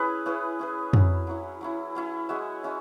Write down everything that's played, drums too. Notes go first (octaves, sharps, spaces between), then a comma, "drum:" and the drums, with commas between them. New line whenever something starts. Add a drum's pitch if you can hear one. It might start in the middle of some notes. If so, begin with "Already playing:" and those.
Already playing: C#4 E4 G#4 B4
C#4 E4 G#4 B4
C#4 E4 G#4 B4
F#3 C#4 E4, drum: tom F2
F#3 C#4 E4
F#3 C#4 E4
F#3 C#4 E4
G#3 C#4 F#4 E5
G#3 C#4 F#4 E5